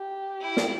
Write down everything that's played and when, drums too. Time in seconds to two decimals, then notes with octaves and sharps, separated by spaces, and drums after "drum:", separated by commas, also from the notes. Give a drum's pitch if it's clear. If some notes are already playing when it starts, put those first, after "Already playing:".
Already playing: G4
0.41 E4
0.57 drum: snare